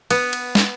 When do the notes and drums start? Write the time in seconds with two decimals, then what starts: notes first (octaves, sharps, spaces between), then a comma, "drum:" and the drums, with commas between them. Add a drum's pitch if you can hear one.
0.10 B3, drum: cymbal
0.33 drum: cymbal
0.55 drum: snare